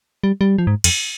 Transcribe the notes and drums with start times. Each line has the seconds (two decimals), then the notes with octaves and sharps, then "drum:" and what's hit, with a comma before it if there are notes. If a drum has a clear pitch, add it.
0.24 G3
0.41 G3
0.58 F3
0.67 G#2
0.84 F2, drum: cymbal